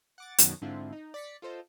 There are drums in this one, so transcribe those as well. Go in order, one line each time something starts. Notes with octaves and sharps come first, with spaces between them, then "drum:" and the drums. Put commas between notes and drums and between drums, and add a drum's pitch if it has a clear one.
F#5 D6 A6
F#2 B2 D#3 F#3 B3, drum: hi-hat
G#2 D3 C4 E4 F4
D#4
D5 B6 C#7
F4 A4 C5 D#5